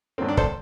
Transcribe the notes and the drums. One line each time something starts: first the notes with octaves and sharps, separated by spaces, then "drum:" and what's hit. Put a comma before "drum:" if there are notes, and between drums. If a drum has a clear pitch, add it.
G2 D#3 F#3 A#3 C4
D4
A4 C5, drum: kick